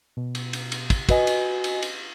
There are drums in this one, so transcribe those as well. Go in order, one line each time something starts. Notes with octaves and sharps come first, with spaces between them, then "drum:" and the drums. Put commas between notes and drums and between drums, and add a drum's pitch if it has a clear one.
B2
drum: cymbal
drum: cymbal
drum: cymbal
drum: kick, cymbal
F#4 B4 D#5 G#5, drum: kick, cymbal
drum: cymbal
drum: cymbal
drum: cymbal